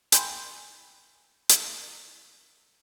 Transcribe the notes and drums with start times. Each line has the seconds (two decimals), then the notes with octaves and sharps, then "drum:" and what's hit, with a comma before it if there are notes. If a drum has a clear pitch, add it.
0.12 G5 G#5 B5 C6 F#6 G6, drum: hi-hat
1.49 drum: hi-hat